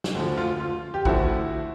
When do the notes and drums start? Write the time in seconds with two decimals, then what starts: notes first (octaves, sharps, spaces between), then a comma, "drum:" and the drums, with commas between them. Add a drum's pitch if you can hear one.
0.04 drum: snare
0.15 D2 D3 F3
0.38 F4
0.60 F4
0.94 G4
1.05 D2 D3 F3 E4 F#4, drum: kick A1